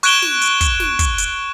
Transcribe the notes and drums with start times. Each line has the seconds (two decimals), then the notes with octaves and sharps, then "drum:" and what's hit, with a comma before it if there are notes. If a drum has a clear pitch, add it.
0.03 C#6 F#6 G#6 D7 E7 G7, drum: hi-hat
0.22 drum: snare
0.41 drum: hi-hat
0.61 drum: kick, hi-hat
0.80 drum: snare
0.99 drum: kick, hi-hat
1.18 drum: hi-hat